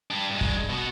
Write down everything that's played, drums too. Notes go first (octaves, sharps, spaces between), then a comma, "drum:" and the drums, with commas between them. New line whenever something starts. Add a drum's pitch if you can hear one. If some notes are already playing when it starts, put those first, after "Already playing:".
G3 D4
G2 G#3
drum: kick
B2 F#4